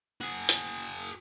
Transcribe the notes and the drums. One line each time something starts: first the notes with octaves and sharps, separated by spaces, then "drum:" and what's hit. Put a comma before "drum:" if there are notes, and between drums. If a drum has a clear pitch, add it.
F#4 G#4
drum: hi-hat